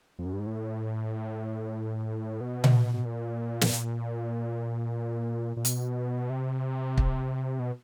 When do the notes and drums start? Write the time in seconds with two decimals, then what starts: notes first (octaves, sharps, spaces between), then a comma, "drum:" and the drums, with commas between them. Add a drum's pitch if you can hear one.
0.19 F2
0.26 F#2
0.33 G2
0.39 G#2
0.47 A2
2.41 B2
2.64 drum: tom A#2
2.94 B2
3.05 A#2
3.61 drum: snare
5.57 A#2
5.65 B2, drum: hi-hat
6.30 C3
6.98 drum: kick
7.59 B2